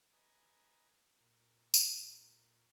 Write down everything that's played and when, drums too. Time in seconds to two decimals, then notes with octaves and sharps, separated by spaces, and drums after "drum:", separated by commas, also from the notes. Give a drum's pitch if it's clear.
0.13 B4 D#5 G#5 A#5
1.20 A#2
1.74 drum: tambourine